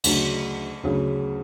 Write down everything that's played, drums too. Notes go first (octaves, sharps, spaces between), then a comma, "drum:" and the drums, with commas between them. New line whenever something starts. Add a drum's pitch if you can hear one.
D2 C#3 F#3, drum: cymbal
D2 C#3 F#3